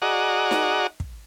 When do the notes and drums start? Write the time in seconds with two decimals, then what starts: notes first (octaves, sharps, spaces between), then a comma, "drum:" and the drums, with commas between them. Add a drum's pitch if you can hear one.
0.02 F#4 G#4 D5 D#5 F#5 A#5
0.51 drum: snare D#4
1.00 drum: kick